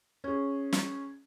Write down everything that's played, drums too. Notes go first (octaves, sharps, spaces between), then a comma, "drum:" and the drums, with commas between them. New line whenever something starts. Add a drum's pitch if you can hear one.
C#4 G#4
drum: snare